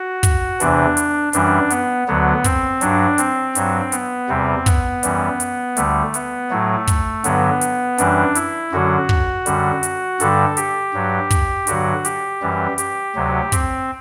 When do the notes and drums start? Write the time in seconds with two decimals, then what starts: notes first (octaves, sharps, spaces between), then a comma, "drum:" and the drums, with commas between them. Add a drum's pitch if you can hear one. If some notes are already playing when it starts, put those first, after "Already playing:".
Already playing: F#4
0.23 drum: kick, hi-hat
0.60 E2 C3 E3 D4, drum: hi-hat
0.97 drum: hi-hat
1.33 F#2 E3 G3 D4, drum: hi-hat
1.70 B3, drum: hi-hat
2.08 D2 D3 F#3 B3
2.44 C4, drum: kick, hi-hat
2.81 G2 F#3 D4, drum: hi-hat
3.18 C4, drum: hi-hat
3.55 G2 F#3, drum: hi-hat
3.92 B3, drum: hi-hat
4.29 E2 C3 G3 C4
4.66 B3, drum: kick, hi-hat
5.03 F#2 E3 G3, drum: hi-hat
5.40 drum: hi-hat
5.77 D2 D3 G3 A3, drum: hi-hat
6.14 B3, drum: hi-hat
6.50 A2 F#3 A3
6.87 drum: kick, hi-hat
7.24 G2 D3 F#3 B3, drum: hi-hat
7.61 drum: hi-hat
7.98 F#2 E3 G3 D4, drum: hi-hat
8.35 E4, drum: hi-hat
8.72 F#2 D3 F#3 F#4
9.09 drum: kick
9.46 F#2 D3 G3, drum: hi-hat
9.83 drum: hi-hat
10.20 G2 D3 G3 A4, drum: hi-hat
10.57 G4, drum: hi-hat
10.94 G2 F#3
11.30 drum: kick, hi-hat
11.67 G2 D3 F#3 F#4, drum: hi-hat
12.05 G4, drum: hi-hat
12.41 F#2 E3 G3
12.78 G4, drum: hi-hat
13.15 D2 C3 F#3
13.52 C4, drum: kick, hi-hat